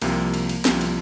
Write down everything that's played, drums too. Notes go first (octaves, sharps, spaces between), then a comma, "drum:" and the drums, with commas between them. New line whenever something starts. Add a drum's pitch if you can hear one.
C2 C3 F3 A#3, drum: cymbal
drum: cymbal
drum: cymbal
C2 C3 F3, drum: snare
drum: cymbal